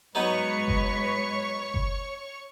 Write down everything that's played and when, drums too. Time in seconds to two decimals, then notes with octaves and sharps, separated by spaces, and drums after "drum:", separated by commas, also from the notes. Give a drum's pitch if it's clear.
0.15 F#3 G#3 B3 D#4 B4 C#5 C#6
0.68 drum: kick F#1
1.74 drum: kick F#1